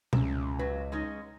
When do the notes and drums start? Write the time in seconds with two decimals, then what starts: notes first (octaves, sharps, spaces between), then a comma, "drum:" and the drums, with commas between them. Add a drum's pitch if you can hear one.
0.13 C#2 C#4 E5 A#5, drum: tom B2
0.59 F#3 B4
0.92 G#3 C#4 D#4